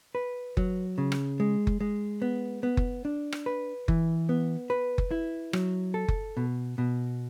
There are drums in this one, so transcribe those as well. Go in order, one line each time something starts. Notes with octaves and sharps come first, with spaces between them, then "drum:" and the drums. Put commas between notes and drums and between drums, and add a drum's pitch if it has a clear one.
B4
F#3, drum: kick F#1
C#3
drum: rim click
G#3
drum: kick F#1
G#3
B3
B3
drum: kick F#1
D4
drum: rim click
B4
E3, drum: kick F#1
B3
B4
drum: kick F#1
E4
F#3, drum: rim click
A4
drum: kick F#1
B2
B2